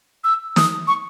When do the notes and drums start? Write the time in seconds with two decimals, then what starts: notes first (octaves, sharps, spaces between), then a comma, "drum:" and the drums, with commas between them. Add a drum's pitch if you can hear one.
0.24 E6
0.56 D#6, drum: snare
0.88 C#6